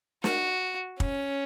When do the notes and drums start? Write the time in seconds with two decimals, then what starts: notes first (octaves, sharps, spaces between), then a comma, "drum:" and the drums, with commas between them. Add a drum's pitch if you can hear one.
0.24 F#4, drum: snare
1.00 C#4, drum: kick